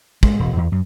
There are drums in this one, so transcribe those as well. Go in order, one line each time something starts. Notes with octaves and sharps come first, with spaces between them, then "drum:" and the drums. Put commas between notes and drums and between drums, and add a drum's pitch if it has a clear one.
G#3, drum: kick
E1
E2
F#2